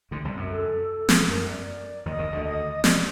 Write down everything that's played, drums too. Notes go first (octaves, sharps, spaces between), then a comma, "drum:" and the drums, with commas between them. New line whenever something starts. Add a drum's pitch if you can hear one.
D2 D3
C2 C3
F#2
A4
drum: snare
F#2 A#4
D5
D#2 D#3 D#5
D#2 D#3
D2 D3
D#5
D5, drum: snare